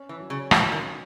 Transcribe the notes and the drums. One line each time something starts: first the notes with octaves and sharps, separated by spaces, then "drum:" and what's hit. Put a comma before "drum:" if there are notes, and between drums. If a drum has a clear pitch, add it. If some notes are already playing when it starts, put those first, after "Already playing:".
Already playing: C#4
E3
F#3
C#3
E3 F#3, drum: rim click
D#3
C#4